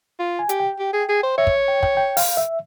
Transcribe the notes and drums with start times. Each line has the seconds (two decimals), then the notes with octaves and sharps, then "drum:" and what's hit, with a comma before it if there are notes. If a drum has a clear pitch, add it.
0.20 F4
0.39 G#5
0.49 G4, drum: hi-hat
0.60 G5
0.79 G4
0.93 G#4
1.09 G#4
1.23 C5
1.38 C#5 E5
1.47 drum: kick
1.68 G5
1.83 G5, drum: kick
1.97 G5
2.17 F5, drum: open hi-hat
2.37 E5